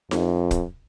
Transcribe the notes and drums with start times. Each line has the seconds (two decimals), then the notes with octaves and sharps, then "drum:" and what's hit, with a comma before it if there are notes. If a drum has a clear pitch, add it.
0.11 F2, drum: snare D#4
0.51 drum: kick, hi-hat